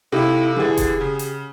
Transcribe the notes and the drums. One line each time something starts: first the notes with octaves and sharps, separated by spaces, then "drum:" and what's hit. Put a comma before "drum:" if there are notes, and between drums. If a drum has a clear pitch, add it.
C3 D#4 E4 A4 F5
D3 E3 G4 G#4 F#5
drum: kick F1, hi-hat
C#3
drum: hi-hat